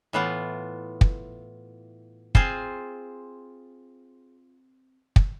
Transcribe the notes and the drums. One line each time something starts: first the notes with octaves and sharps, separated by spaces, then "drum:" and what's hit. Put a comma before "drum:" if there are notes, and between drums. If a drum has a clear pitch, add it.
A2 E3 B3 F4
drum: kick
C4 F4 G#4 C5, drum: kick
drum: kick